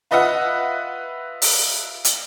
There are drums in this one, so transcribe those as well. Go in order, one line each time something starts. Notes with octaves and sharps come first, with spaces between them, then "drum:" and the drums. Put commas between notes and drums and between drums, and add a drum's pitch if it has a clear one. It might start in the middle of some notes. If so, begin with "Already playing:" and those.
F4 B4 D#5 E5 F#5
drum: open hi-hat
drum: hi-hat